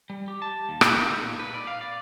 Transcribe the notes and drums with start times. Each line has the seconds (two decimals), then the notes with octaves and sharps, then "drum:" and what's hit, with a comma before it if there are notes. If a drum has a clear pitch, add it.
0.10 G3
0.28 G4
0.42 A5
0.69 D#2
0.81 A#2, drum: rim click
0.96 A#3
1.08 D#4
1.23 A#2
1.39 B4
1.54 D5
1.67 F5
1.81 D5